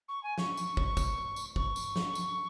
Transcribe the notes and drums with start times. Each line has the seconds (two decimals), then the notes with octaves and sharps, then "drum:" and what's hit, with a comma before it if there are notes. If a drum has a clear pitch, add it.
0.08 C#6
0.23 G#5
0.38 C#6, drum: snare
0.57 drum: tambourine
0.77 drum: kick
0.97 drum: kick, tambourine
1.36 drum: tambourine
1.56 C#6, drum: kick
1.76 drum: tambourine
1.96 drum: snare
2.15 drum: tambourine